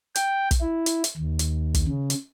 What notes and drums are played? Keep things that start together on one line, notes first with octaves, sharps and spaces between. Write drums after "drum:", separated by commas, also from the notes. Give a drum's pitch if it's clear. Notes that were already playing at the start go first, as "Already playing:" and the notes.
G5, drum: hi-hat
drum: kick, hi-hat
E4
drum: hi-hat
drum: hi-hat
D#2
drum: hi-hat
drum: kick, hi-hat
C#3
drum: hi-hat